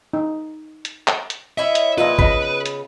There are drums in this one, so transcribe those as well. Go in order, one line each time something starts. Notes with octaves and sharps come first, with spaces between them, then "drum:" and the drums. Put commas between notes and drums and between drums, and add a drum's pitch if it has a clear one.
D#4
drum: hi-hat
drum: clap
drum: hi-hat
E4 C#5 D#5 E5
drum: hi-hat
A#2 D#3 E4 F4 B4 D#5
C#3 B3 D#5 B5, drum: kick
drum: hi-hat